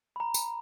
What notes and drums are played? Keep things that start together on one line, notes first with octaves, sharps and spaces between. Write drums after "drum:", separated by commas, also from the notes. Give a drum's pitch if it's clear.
B5
A#5
drum: tambourine